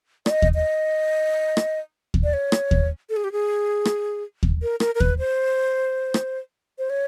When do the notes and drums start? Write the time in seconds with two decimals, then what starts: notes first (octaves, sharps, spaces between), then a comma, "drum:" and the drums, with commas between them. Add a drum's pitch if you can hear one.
0.26 D5, drum: rim click
0.30 D#5
0.42 drum: kick D#2
0.55 D#5
1.57 drum: rim click
2.14 drum: kick D#2
2.24 D5
2.34 C#5
2.52 drum: rim click
2.71 drum: kick D#2
3.10 A4
3.17 G#4
3.24 G4
3.32 G#4
3.85 drum: rim click
4.43 drum: kick D#2
4.62 A#4
4.80 A#4, drum: rim click
4.95 A#4
5.00 B4, drum: kick D#2
5.19 C5
6.14 drum: rim click
6.78 C5
6.90 C#5